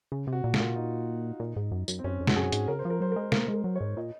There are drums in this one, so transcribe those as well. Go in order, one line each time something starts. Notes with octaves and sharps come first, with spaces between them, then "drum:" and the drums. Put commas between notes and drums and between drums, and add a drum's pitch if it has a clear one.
C#3
C3
F#4
A#2
F4, drum: snare
A#2
D#4
A#2
G#2
F#2
F#2, drum: tambourine
C4
F#2 C#4
F2
F#4, drum: snare
F#2 G#4
G#2, drum: hi-hat
C#3 A#4
C5
F3
A#4
F#3 C5
G#3 A#4
A#3 A#4, drum: snare
G#3
A#4
F#3
C#5
G#2
A#2 D#5